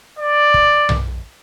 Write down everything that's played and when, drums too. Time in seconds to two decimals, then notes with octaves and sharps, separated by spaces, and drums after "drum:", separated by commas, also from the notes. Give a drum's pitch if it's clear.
0.19 D5
0.54 drum: kick
0.89 drum: tom B1